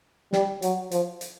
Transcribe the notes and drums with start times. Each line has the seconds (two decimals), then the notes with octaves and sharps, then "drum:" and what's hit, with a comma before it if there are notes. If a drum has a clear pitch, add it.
0.33 G3, drum: snare
0.62 F#3, drum: hi-hat
0.91 F3, drum: hi-hat
1.21 drum: hi-hat